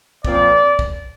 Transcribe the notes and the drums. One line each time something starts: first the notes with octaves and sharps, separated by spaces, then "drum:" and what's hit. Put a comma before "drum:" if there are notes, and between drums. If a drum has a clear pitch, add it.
A#2 F3 C4 D5, drum: kick
drum: kick